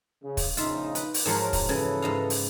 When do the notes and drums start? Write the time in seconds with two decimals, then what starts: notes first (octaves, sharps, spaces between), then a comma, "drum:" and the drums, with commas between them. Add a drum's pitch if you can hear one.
0.23 C#3
0.37 drum: kick, open hi-hat
0.57 A#1 C#3 D#4 F4 E5, drum: hi-hat
0.95 B4, drum: hi-hat
1.14 drum: open hi-hat
1.25 G#2 F3 F#3 A#4
1.53 drum: kick, open hi-hat
1.69 C#3 E3 A4 B4
2.02 G#2 D#5 F5
2.30 drum: open hi-hat